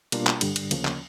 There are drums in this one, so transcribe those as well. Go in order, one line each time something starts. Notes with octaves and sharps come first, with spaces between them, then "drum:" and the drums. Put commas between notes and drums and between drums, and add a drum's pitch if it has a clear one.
B2 G3 A#3 D4 F4, drum: cymbal
drum: clap
G2 D3 G3, drum: cymbal
drum: cymbal
D2 C#3 F3 A#3 C#4, drum: cymbal
drum: clap